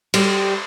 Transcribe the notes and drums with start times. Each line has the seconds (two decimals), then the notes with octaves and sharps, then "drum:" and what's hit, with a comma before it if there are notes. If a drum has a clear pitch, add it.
0.14 G3, drum: cymbal